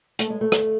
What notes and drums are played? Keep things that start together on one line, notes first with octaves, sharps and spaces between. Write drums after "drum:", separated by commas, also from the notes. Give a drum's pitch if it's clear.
A3, drum: hi-hat
G#3
A3
drum: rim click